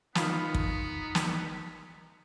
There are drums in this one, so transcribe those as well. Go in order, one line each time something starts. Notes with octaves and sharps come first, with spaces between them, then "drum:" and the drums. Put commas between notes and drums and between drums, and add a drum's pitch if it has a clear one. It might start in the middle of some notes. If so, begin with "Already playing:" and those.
D#3 B3 D#4 F4 B4 D#5 A#5, drum: snare
drum: kick
drum: snare